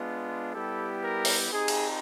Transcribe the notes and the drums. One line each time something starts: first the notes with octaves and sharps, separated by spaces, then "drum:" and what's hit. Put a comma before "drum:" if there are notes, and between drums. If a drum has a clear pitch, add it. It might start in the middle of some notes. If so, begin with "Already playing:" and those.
Already playing: G#3 B3 D4 F4
G3 B3 E4 G4 A4
A#4
drum: open hi-hat
C4 D#4 G4 G#4
drum: cymbal